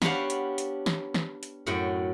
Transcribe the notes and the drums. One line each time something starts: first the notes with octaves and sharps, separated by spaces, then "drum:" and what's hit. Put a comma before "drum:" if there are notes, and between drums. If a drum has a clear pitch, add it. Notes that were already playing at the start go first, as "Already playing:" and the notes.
B3 C#4 D4 G4 F5 F#5, drum: snare
drum: hi-hat
drum: hi-hat
drum: snare
drum: snare
drum: hi-hat
F#2 A2 F#5 G5